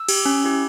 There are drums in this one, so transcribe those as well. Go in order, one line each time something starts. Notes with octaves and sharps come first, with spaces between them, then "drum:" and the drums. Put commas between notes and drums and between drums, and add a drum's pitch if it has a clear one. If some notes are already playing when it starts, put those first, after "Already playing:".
Already playing: E6
G4, drum: cymbal
C#4
E4 G4